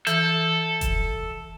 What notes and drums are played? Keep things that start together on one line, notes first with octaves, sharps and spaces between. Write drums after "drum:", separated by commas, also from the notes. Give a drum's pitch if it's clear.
E3 A4, drum: hi-hat
drum: kick F1, hi-hat